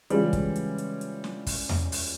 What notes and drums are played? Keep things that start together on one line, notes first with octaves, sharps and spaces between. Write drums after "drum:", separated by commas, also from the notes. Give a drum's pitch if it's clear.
C#3 E3 G3 G#3 C#4 F4, drum: hi-hat
drum: kick, hi-hat
drum: hi-hat
drum: hi-hat
drum: hi-hat
drum: snare
drum: kick, open hi-hat
drum: tom E2
drum: open hi-hat